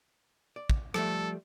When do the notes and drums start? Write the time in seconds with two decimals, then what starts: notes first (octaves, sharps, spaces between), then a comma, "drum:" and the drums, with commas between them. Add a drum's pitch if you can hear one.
0.56 D5
0.70 drum: kick
0.94 F3 G3 A3 A4, drum: rim click